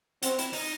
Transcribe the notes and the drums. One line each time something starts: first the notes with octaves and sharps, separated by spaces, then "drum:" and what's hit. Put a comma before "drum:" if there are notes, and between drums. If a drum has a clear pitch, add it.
C4 F#4, drum: hi-hat
E4, drum: hi-hat
D#4, drum: open hi-hat